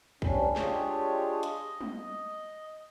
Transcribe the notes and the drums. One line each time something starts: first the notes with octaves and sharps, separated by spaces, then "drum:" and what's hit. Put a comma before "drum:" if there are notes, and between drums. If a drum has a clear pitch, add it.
D2 G3 C#4 D4, drum: kick A#1
G#3 D4 F4 G4 G#4 C#5, drum: snare
D#5, drum: hi-hat
drum: tom